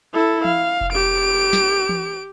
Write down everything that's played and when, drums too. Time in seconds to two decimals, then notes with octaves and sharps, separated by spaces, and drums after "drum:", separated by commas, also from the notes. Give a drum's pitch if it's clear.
0.14 E4 A4
0.45 F5, drum: tom E3
0.81 drum: kick F1
0.93 G4 D7
1.53 drum: snare
1.89 drum: tom E3